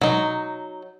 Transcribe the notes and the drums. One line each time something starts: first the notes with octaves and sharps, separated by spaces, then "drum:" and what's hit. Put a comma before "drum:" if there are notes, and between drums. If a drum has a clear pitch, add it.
F#3 D#4, drum: tom B2